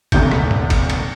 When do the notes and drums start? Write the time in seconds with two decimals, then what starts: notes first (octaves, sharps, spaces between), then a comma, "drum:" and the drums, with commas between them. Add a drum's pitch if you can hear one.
0.12 D#1 G#1 D2 C3 G6, drum: kick G1, cymbal
0.31 drum: rim click
0.51 drum: tom G2
0.70 drum: kick G1, cymbal
0.90 drum: cymbal